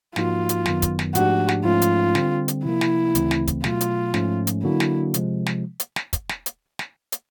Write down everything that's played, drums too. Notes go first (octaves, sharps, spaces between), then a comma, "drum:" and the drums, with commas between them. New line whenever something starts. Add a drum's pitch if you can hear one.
G#2 F3 A#3 D#4 F4 F#4, drum: snare
drum: hi-hat
F#2 D#3 F#3 B3, drum: snare
drum: kick, hi-hat
drum: snare
G#2 F3 A3 D4 F#4 G4, drum: hi-hat
drum: snare
G#2 F3 A3 C#4 F4
drum: hi-hat
D3 G3 C4, drum: snare
drum: hi-hat
C3 F3 A#3 E4
drum: snare
D2 C#3 E3 A3 C4, drum: hi-hat
drum: snare
drum: kick, hi-hat
B2 F#3 A3 F4, drum: snare
drum: hi-hat
G#2 F3 A3 C#4, drum: snare
drum: hi-hat
D3 F#3 A#3 D4 E4 F#4
drum: snare
C3 F3 G#3, drum: hi-hat
drum: snare
drum: hi-hat
drum: snare
drum: kick, hi-hat
drum: snare
drum: hi-hat
drum: snare
drum: hi-hat